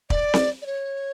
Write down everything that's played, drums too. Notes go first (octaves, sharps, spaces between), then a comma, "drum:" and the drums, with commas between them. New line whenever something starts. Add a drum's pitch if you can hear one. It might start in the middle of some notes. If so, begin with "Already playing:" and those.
D5, drum: kick
drum: snare C4
D5
C#5